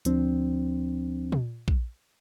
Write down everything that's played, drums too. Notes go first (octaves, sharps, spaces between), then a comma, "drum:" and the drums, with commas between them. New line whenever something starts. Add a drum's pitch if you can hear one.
D2 F3 C4 D4, drum: hi-hat
drum: tom A#2
drum: kick A#1